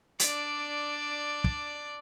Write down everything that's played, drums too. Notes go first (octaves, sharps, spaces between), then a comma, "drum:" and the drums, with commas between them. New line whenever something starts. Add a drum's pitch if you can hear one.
D4 D5, drum: hi-hat
drum: kick